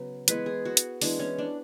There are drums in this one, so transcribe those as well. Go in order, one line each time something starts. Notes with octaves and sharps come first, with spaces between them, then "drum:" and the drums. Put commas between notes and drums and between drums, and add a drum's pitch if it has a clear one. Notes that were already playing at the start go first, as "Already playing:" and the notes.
Already playing: C#3 F#3 B3
E3 G#3 B3 B4, drum: hi-hat
G#4
F#4
drum: hi-hat
E3 G#3 B3 D4, drum: open hi-hat
C#4
D4